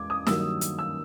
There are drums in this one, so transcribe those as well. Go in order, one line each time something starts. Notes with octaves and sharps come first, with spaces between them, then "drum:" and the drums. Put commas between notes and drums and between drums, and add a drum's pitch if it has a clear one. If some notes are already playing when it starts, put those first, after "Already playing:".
Already playing: E2 G#3 D6 G#6
D#6
G2 D#3 F#3 A#3 E6, drum: snare
drum: hi-hat
E6